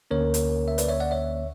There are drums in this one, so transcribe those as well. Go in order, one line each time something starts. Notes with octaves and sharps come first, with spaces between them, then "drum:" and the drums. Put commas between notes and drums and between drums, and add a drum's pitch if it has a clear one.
D2 D3 A#3 C#4 A#4 C#5
drum: hi-hat
E5
B4 D5, drum: hi-hat
C#5 E5
D5 F#5
C#5 E5